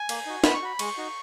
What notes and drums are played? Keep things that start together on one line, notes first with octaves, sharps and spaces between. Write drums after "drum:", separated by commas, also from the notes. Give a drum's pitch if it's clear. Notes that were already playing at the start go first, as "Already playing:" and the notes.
Already playing: G#5
A#3, drum: cymbal
D#4 F#4
B3 B5, drum: snare
C#6
F#4 B5
G#3 C#6, drum: cymbal
D#4 F#4